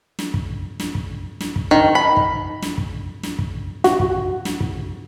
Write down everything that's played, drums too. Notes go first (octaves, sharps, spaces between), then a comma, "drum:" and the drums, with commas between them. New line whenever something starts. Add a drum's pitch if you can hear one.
drum: snare
drum: kick
drum: snare
drum: kick
drum: snare
drum: kick
D#3
B5
drum: kick
drum: snare
drum: kick
drum: snare
drum: kick
F#4, drum: snare
drum: kick
drum: snare
drum: kick